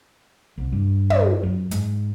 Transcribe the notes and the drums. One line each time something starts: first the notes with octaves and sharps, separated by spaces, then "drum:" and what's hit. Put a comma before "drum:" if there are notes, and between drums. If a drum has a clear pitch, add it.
C2
G2
drum: tom
F#2
G#2, drum: hi-hat